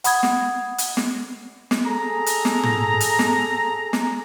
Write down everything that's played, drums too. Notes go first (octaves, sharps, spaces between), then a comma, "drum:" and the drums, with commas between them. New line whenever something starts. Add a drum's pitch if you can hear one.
F#5 B5 D#6 G#6, drum: hi-hat
drum: snare
drum: hi-hat
drum: snare
drum: snare
G#4 A4 A#5
drum: hi-hat
drum: snare
drum: tom
drum: hi-hat
drum: snare
drum: snare